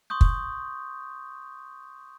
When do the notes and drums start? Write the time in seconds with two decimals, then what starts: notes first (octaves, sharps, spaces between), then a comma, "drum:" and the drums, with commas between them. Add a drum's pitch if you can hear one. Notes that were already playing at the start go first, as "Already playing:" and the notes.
0.10 C6 C#6 D#6 G6
0.21 drum: kick